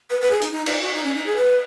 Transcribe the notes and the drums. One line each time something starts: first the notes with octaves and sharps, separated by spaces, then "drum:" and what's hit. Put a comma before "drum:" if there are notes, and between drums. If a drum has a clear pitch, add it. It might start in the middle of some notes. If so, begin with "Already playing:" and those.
B4
B4
G#4
D#4, drum: hi-hat
D#4
D#4, drum: cymbal
F#4
D#4
C#4
D#4
G#4
B4